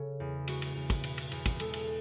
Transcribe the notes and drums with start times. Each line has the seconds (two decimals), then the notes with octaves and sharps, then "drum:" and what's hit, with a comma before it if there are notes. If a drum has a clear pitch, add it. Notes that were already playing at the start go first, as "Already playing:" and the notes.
Already playing: C#3 A4
0.20 E2
0.48 G#3 F#4, drum: cymbal
0.62 drum: cymbal
0.76 E2
0.90 drum: kick, cymbal
1.04 B2, drum: cymbal
1.18 drum: cymbal
1.32 E2, drum: cymbal
1.46 drum: kick, cymbal
1.60 G#3 A4, drum: cymbal
1.74 drum: cymbal